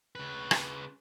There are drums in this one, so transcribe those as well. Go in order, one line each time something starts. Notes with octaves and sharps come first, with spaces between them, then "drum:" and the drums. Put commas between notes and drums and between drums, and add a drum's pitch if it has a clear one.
C#3 B4
drum: rim click